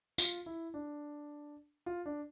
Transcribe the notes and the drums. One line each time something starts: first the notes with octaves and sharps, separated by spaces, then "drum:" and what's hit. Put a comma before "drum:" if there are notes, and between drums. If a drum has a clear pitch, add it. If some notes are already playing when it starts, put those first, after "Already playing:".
F4, drum: tambourine
E4
D4
F4
D4